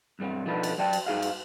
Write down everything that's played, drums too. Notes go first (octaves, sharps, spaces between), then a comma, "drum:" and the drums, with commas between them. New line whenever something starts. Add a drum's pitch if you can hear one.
B1 G2 G3 C4
B2 F3 D4 D#4 A4 B4
drum: cymbal
F#3 D5 G5 A5
drum: cymbal
G2 D#4 G#4 F5
drum: cymbal